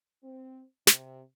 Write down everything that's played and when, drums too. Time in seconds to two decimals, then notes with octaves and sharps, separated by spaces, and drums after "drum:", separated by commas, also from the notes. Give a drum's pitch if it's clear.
0.24 C4
0.87 C3, drum: snare